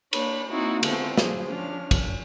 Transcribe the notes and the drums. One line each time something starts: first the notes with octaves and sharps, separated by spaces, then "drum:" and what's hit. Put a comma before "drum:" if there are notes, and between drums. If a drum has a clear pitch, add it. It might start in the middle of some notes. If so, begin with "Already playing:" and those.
A#3 D4 C#5 B5, drum: cymbal
A#3 C4 D#4 E4 F#4
D3 F3 G#3 A3 B3 C4, drum: cymbal
F#3 G#4 C5, drum: snare
F3 C#4 D4 F6
drum: kick, cymbal